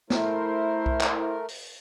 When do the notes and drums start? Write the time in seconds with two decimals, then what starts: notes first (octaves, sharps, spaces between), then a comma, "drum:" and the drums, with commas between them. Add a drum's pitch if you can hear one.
0.10 A3 E4 A#4 C5, drum: snare
0.86 drum: kick B1
1.00 drum: clap
1.48 drum: open hi-hat